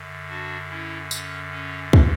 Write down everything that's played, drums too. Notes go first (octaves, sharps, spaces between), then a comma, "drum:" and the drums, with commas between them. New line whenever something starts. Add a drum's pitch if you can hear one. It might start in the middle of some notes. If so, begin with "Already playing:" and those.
Already playing: F#2 D3
D4 F#4
C#4 E4
C#4, drum: tambourine
C#4
drum: kick